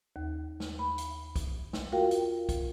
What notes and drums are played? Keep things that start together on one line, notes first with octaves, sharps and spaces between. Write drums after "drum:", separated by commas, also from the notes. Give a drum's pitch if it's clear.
D#2
drum: snare
B5
drum: hi-hat
drum: kick B1, hi-hat
drum: snare
F4 F#4 A#4 F5 G5
drum: hi-hat
drum: kick B1, hi-hat